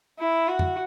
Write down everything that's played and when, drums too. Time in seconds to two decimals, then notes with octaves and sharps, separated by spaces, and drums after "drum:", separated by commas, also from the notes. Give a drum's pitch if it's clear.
0.19 E4
0.48 F#4
0.59 drum: tom F2